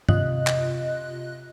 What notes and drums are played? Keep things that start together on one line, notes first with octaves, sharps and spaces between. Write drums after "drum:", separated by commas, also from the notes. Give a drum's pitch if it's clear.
C3 F4 D#5 F#6, drum: tom
drum: clap